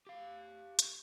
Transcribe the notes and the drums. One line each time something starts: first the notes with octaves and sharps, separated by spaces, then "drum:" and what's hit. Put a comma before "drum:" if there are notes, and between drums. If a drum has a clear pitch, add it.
G4 F5
drum: hi-hat